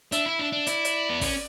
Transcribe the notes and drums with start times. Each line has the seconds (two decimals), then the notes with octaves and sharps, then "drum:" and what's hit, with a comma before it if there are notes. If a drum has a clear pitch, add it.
0.12 D4 E5, drum: hi-hat
0.26 E4
0.39 D4
0.52 D4
0.67 E4 D5, drum: hi-hat
0.85 drum: hi-hat
1.10 B3
1.21 C#4, drum: kick, open hi-hat